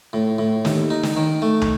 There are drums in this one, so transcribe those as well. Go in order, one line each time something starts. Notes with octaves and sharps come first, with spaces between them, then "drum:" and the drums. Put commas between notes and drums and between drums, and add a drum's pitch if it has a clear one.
A2
A2
D#2, drum: snare
D#4
drum: snare
D#3
A3
drum: tom